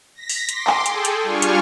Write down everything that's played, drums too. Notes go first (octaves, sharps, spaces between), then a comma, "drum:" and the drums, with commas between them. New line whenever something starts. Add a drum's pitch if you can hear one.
A#6 B6
drum: open hi-hat
C6 D6, drum: hi-hat
drum: clap
G#4 A4 G5, drum: hi-hat
drum: hi-hat
G3 D4 F4 G#5 C#6 F6
drum: hi-hat